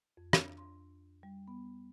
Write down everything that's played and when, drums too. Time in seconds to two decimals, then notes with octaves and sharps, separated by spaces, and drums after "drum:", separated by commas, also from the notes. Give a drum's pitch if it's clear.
0.17 F2
0.33 D4, drum: rim click
0.58 C6
1.23 G3
1.48 B3